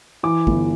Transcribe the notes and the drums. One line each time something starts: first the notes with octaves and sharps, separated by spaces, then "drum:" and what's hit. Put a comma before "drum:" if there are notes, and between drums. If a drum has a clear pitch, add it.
E3 D6
G1, drum: kick